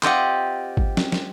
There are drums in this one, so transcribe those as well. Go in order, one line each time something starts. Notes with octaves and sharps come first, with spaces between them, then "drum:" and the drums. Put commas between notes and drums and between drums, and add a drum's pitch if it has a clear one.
C4 F4 G4 D#5 F#5, drum: clap
drum: kick G#1
drum: snare
drum: snare